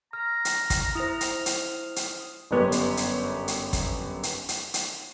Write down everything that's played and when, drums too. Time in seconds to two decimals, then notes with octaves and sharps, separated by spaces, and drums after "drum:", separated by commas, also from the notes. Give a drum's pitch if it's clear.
0.13 A#5 F6
0.45 drum: hi-hat
0.70 drum: kick, hi-hat
0.95 E4 C5 D#6 F7
1.21 drum: hi-hat
1.46 drum: hi-hat
1.96 drum: hi-hat
2.51 G1 F#2 B3 G4 C#5
2.72 drum: hi-hat
2.97 drum: hi-hat
3.48 drum: hi-hat
3.73 drum: kick, hi-hat
4.23 drum: hi-hat
4.49 drum: hi-hat
4.74 drum: hi-hat